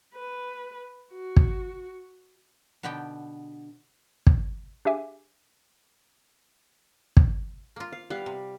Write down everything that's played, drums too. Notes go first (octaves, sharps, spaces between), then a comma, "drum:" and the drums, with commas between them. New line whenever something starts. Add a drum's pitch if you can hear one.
B4
F#4
drum: kick
B2 D3 B3 G4 G5
drum: kick
D4 G4 G#4 E5 G#5 D6
drum: kick
A#3 F4
F5
G3 B3 F5
C3